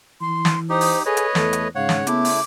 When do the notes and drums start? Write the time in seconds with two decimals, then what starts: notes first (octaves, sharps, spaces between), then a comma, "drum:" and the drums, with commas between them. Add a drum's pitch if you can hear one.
0.21 E3 C6
0.45 drum: snare
0.69 D#4 G4 C5 D#6
0.81 drum: open hi-hat
1.06 G#4 A4 B4 C#5 D#5
1.17 drum: hi-hat
1.35 E2 A3 A4, drum: snare
1.53 drum: hi-hat
1.75 G#2 C#3 C#5 F5 F#5
1.89 drum: snare
2.07 A3 B3 E4 D6, drum: hi-hat
2.25 drum: open hi-hat